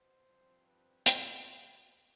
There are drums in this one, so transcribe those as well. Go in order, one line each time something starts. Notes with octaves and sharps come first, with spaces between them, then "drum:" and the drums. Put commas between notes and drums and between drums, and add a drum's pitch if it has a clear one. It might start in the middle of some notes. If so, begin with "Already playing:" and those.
Already playing: B2 B3 C5
G2 F3 C4
B4
B2 B3 B4, drum: hi-hat